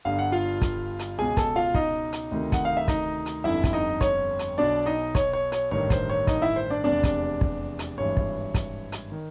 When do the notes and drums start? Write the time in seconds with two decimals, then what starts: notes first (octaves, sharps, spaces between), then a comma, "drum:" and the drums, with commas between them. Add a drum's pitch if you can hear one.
0.05 G1 G2 D3 F5
0.19 F#5
0.32 F4 F5
0.62 drum: kick, hi-hat
0.99 drum: hi-hat
1.18 C#2 B2 G#4 G#5
1.37 A4 A5, drum: kick, hi-hat
1.56 F4 F5
1.74 D#4 D#5, drum: kick
2.13 drum: hi-hat
2.32 D2 C3 D#3
2.52 F#5, drum: kick, hi-hat
2.65 F5
2.77 E5
2.88 D#4 D#5, drum: kick, hi-hat
3.26 drum: hi-hat
3.44 G1 F2 D3 E4 E5
3.64 drum: kick, hi-hat
3.73 D#4 D#5
4.01 C#5, drum: kick, hi-hat
4.39 drum: hi-hat
4.58 B1 B2 D4 D5
4.86 D#4 D#5
5.15 C#5, drum: kick, hi-hat
5.33 C#5
5.52 C#5, drum: hi-hat
5.71 A1 G2 D#3 C#5
5.90 C5, drum: kick, hi-hat
6.10 C#5
6.27 D#4 D#5, drum: kick, hi-hat
6.42 E4 E5
6.56 C5
6.70 D4 D5
6.84 F1 E2 C3 D4 D5
7.03 drum: kick, hi-hat
7.41 drum: kick
7.79 drum: hi-hat
7.98 G#1 G2 E3 C#5
8.17 drum: kick
8.54 drum: kick, hi-hat
8.92 drum: hi-hat
9.12 D#3